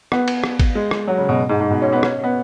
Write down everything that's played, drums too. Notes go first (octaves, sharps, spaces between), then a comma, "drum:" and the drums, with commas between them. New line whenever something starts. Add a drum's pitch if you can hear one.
B3, drum: rim click
drum: cymbal
drum: rim click
drum: kick G#1, cymbal
G#3
drum: rim click
F#3
C#3
B2
G#2
G#2
B2
C#4
B3
C#4, drum: rim click
B3